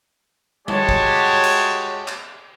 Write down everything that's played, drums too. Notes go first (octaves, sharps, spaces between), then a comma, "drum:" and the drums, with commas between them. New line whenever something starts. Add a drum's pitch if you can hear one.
G#3 F#4 G4 C#5 A5, drum: tom G3
drum: kick
drum: cymbal
drum: clap